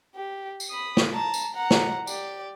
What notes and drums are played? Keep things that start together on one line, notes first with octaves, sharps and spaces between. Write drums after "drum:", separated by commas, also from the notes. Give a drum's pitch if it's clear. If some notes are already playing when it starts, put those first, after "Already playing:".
G4
drum: tambourine
B5 D#6
drum: snare
A5 A#5
drum: tambourine
F#5 A#5
drum: snare
G4 D5, drum: tambourine